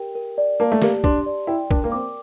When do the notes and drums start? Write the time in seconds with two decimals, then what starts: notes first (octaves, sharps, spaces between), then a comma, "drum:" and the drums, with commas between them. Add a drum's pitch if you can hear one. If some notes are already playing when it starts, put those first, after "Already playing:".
Already playing: G4 A#4 G5
0.15 A#4
0.38 D5
0.60 A#3 A5
0.72 A3
0.82 A#3 G4, drum: snare
1.04 D4 C6, drum: kick B1
1.26 D5
1.47 E4 G5
1.71 D4 A#4, drum: kick B1
1.84 A#3
1.92 C4 D6